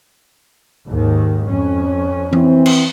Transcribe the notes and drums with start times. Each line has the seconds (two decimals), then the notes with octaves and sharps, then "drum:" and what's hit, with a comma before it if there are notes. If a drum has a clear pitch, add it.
0.87 D#2 G#2 D#3
1.46 F2 C#4
2.33 E3 C4, drum: tom E3
2.66 drum: cymbal